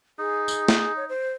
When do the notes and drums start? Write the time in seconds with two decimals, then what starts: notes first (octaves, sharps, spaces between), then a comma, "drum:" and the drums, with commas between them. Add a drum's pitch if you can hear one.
0.19 D#4 G#4
0.48 drum: tambourine
0.68 drum: snare
0.96 C#5
1.09 C5